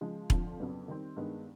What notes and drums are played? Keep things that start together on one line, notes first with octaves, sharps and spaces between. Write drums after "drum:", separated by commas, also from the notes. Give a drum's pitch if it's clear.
C#3 F3 G#3
F2 D3 F3, drum: kick E1
F2 C#3 F#3 B3 D4
D#3 G3 C4
G2 D#3 G#3 B3